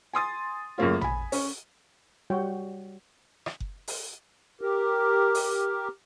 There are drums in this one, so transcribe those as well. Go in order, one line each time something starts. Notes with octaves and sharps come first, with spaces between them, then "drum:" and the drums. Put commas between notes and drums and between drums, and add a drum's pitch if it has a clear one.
G#5 C6 D#6 A6
F#2 A2 C#3 A#3 C#4 F4
G#5 B5, drum: tom
C#4, drum: open hi-hat
G3 F#4 C#5 G5
drum: rim click
drum: kick F#1
drum: open hi-hat
G4 A#4
drum: open hi-hat